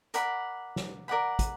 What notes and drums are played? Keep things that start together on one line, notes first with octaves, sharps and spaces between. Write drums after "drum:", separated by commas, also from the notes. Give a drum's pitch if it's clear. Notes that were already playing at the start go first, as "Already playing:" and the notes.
A#4 D5 F#5 B5, drum: hi-hat
drum: snare
A#4 D5 F#5 B5
drum: kick, hi-hat